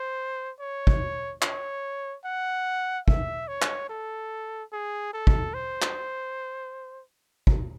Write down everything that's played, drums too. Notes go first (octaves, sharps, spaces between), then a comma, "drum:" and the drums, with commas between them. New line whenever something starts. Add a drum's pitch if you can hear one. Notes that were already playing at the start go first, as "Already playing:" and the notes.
Already playing: C5
C#5
drum: kick
C#5, drum: clap
F#5
E5, drum: kick
C#5
drum: clap
A4
G#4
A4
drum: kick
C5
drum: clap
drum: kick